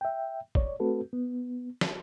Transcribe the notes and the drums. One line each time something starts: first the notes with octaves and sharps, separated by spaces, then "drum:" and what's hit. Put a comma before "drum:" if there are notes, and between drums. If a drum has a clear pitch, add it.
E5 G5
C#5 D5, drum: kick
A3 C4 F#4 A4 B4
B3
drum: snare